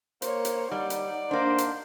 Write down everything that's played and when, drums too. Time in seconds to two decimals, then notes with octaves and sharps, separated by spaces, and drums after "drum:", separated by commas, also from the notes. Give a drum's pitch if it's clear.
0.22 A#3 C5 C#5, drum: hi-hat
0.45 drum: hi-hat
0.72 G3 D#4 D5 F#5
0.90 drum: hi-hat
1.31 A#3 D4 C5
1.58 drum: hi-hat